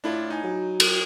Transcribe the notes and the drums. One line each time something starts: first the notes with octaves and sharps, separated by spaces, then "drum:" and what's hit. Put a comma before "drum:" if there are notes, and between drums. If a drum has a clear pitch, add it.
A2 D4 E4 F4
D#4 G#5
F#3
drum: cymbal